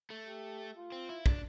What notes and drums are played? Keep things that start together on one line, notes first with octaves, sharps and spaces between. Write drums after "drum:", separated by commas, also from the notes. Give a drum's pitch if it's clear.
A3
G4
F4
C4
E4
D4, drum: kick